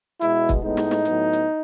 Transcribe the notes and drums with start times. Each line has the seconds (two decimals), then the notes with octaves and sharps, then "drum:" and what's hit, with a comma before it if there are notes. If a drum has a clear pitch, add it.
0.21 B2 G#3 B3 E4, drum: hi-hat
0.49 drum: kick, hi-hat
0.63 A2 G#3 B3 D#4
0.77 drum: snare
0.91 drum: snare
1.05 A2 F#3 B3, drum: hi-hat
1.33 drum: hi-hat